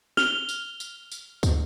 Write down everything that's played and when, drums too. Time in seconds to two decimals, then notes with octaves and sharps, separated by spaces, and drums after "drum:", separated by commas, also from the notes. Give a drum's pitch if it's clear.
0.17 F6 F7 G7, drum: snare
0.49 drum: tambourine
0.80 drum: tambourine
1.12 drum: tambourine
1.43 drum: kick, tambourine